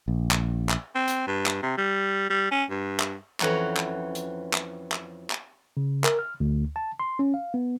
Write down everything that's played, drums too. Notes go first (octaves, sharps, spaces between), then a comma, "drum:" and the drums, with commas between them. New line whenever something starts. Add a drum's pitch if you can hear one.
A#1
drum: clap
drum: clap
C4
drum: hi-hat
G2
drum: clap
C3
G3
G3
C#4
G2
drum: clap
F2 E3 C#4 F#4 C#5 A#5, drum: clap
drum: clap
drum: hi-hat
drum: clap
drum: clap
drum: clap
C#3
A#4, drum: clap
F6
D2
A5
C6
C#4
F5
B3